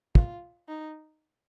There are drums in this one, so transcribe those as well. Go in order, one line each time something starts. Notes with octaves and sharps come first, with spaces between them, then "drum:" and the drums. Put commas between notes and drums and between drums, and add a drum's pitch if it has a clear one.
F4, drum: kick
D#4